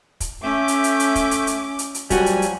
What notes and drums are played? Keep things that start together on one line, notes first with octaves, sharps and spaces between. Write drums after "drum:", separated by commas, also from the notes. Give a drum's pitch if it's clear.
drum: kick, hi-hat
A3 C#4 E5 D6 G6
drum: hi-hat
drum: hi-hat
drum: hi-hat
drum: kick, hi-hat
drum: hi-hat
drum: hi-hat
drum: hi-hat
drum: hi-hat
F#2 F3 G3 F#4 G#5, drum: kick, hi-hat
drum: hi-hat
drum: hi-hat